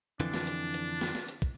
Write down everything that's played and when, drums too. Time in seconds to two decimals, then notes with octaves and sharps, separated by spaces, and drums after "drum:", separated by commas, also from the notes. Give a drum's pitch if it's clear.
0.20 F2 D3 E3 D4, drum: hi-hat
0.34 drum: snare
0.47 drum: hi-hat
0.74 drum: hi-hat
1.01 drum: snare
1.15 drum: snare
1.28 drum: hi-hat
1.42 drum: kick